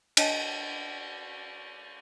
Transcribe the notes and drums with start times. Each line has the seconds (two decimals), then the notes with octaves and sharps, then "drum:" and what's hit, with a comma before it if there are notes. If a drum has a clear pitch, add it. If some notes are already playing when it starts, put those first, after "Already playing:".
0.17 D4 C#5 D#5 G5 A5, drum: cymbal